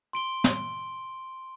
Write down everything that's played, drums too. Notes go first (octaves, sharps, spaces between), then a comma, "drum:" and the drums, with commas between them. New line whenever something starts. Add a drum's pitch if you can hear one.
C6 D7 G7
drum: snare